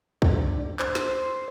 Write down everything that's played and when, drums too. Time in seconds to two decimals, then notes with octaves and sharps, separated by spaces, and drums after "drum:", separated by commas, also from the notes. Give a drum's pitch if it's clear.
0.22 D4, drum: kick
0.79 C5, drum: clap
0.95 drum: snare